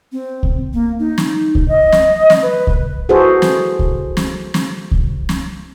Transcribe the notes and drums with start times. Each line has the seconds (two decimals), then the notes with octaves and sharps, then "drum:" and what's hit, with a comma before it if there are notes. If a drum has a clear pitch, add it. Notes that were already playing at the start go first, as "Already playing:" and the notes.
0.12 C4
0.43 drum: kick C2
0.73 A#3
0.99 D#4
1.18 drum: snare
1.55 drum: kick C2
1.68 D#5
1.92 drum: snare
2.30 drum: snare
2.42 B4
2.67 drum: kick C2
3.09 E4 F#4 G#4 A4 B4 C5
3.42 drum: snare
3.79 drum: kick C2
4.17 drum: snare
4.54 drum: snare
4.91 drum: kick C2
5.29 drum: snare